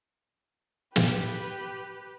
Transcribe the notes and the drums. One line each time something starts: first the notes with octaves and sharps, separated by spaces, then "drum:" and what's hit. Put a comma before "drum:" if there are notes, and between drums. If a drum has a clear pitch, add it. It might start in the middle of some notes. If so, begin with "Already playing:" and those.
G4 B4, drum: snare